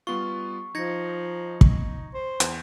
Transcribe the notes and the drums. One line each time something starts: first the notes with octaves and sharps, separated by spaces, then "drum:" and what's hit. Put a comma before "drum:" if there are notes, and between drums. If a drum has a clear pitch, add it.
G3 B3 F4 C#6
F3 D#4 G#6 A#6 C#7
drum: kick
C5
E2, drum: hi-hat